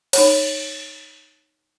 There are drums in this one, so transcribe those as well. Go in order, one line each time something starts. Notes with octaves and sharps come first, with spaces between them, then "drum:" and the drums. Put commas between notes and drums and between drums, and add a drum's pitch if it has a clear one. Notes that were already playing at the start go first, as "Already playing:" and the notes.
D#4 C#5, drum: cymbal